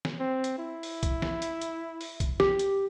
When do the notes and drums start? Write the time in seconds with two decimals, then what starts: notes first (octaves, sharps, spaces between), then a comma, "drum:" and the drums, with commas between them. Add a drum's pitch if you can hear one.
0.05 drum: snare
0.19 C4
0.44 drum: hi-hat
0.58 E4
0.83 drum: open hi-hat
1.03 drum: kick, hi-hat
1.22 drum: snare
1.42 drum: hi-hat
1.61 drum: hi-hat
2.01 drum: open hi-hat
2.20 drum: kick, hi-hat
2.40 G4, drum: snare
2.59 drum: hi-hat